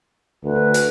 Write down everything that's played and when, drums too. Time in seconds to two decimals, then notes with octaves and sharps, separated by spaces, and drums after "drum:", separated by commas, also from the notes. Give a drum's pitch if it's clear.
0.44 D2 B4
0.74 drum: hi-hat